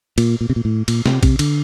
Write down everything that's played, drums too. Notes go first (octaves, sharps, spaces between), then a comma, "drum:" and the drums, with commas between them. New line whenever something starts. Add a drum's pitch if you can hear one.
A#2, drum: cymbal
A#2
C3
A#2
A2
A#2, drum: cymbal
C3, drum: snare
C3, drum: kick A#1, cymbal
D3, drum: cymbal